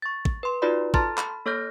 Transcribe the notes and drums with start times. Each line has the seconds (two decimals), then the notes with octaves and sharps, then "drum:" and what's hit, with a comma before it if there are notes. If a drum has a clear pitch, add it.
0.02 C#6 A6
0.25 drum: kick
0.43 B4 C6
0.62 D#4 F4 F#4 B4 D5 B5
0.94 A4 A5 A#5 C6 F6 A6, drum: kick
1.18 B5, drum: clap
1.46 A#3 A4 C#5 F6 G6 A#6